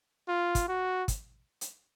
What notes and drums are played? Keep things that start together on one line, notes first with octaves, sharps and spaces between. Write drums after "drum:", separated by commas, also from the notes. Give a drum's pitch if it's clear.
F4
drum: kick, hi-hat
F#4
drum: kick, hi-hat
drum: hi-hat